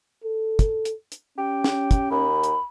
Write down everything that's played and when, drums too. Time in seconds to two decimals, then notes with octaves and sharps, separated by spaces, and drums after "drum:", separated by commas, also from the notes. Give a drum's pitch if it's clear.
0.24 A4
0.59 drum: kick, hi-hat
0.85 drum: hi-hat
1.12 drum: hi-hat
1.38 C#4 G4
1.64 drum: snare
1.91 drum: kick, hi-hat
2.11 D#2 B5
2.43 drum: hi-hat